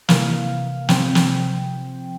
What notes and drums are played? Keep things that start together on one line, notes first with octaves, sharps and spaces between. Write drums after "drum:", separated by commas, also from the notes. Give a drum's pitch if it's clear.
C3 E3 A#3 F5, drum: snare
C3 F3 C4 G5, drum: snare
drum: snare